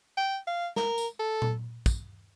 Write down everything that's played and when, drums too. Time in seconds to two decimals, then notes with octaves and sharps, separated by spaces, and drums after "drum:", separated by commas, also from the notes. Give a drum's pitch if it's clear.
0.17 G5
0.47 F5
0.76 A#4, drum: snare
0.98 drum: tambourine
1.19 A4
1.42 drum: tom A#2
1.86 drum: kick, tambourine